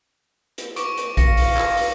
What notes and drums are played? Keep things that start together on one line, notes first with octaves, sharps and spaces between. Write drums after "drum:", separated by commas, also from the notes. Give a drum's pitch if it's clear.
drum: hi-hat
C#6 D6 D7, drum: hi-hat
drum: hi-hat
F5 A#6 C#7, drum: kick A#1, hi-hat
drum: open hi-hat
drum: clap
drum: open hi-hat